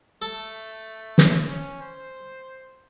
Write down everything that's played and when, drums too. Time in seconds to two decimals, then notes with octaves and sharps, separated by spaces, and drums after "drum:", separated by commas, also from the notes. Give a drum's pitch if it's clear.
0.22 A3 A4
1.18 drum: snare
1.47 C#4
1.81 C5